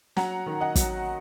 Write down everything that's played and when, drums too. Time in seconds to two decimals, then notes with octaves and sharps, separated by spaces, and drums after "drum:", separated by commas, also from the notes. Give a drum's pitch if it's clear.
0.16 F#3 F#5 A#5, drum: snare
0.46 D#3
0.61 D#5 F#5
0.75 F#3, drum: kick, hi-hat